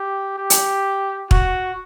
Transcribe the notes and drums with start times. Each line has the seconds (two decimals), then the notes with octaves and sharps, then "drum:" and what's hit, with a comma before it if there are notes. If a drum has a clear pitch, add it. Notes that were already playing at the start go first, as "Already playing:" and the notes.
Already playing: G4
0.38 G4
0.50 drum: hi-hat
1.31 F#4, drum: kick